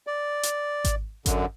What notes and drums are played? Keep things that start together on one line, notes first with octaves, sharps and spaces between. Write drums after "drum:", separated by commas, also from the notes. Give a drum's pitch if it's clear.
D5
drum: hi-hat
drum: kick G#1, hi-hat
F#2 D3, drum: kick G#1, hi-hat